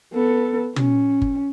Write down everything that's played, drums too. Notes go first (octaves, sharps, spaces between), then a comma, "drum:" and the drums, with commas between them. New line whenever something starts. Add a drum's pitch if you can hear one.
B3 A4
C#4, drum: tom
drum: kick G1